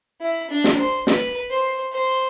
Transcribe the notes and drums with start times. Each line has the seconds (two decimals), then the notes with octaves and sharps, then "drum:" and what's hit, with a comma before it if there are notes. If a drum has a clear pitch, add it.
0.21 E4
0.50 D4
0.64 drum: snare
0.79 C5
1.07 B4, drum: snare
1.50 C5
1.93 C5